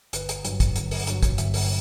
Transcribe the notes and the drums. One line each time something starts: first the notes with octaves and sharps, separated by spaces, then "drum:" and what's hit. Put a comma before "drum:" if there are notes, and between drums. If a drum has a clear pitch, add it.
G1 B4, drum: hi-hat
drum: hi-hat
G2 F#3, drum: hi-hat
drum: kick, hi-hat
G1, drum: hi-hat
drum: open hi-hat
G2 F#3, drum: hi-hat
drum: kick, hi-hat
G1 E5, drum: hi-hat
drum: open hi-hat